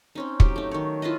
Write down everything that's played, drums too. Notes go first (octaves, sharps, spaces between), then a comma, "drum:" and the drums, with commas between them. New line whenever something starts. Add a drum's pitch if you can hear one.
C4 C#4 D#4
F#3 G4, drum: kick
A3 D#4
D#3 C#5
E4 F4 B4 D#5